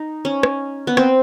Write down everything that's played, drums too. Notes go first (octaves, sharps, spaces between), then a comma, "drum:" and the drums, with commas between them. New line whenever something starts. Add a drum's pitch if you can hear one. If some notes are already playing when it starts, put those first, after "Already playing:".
Already playing: D#4
C#4
drum: rim click
B3
C4, drum: rim click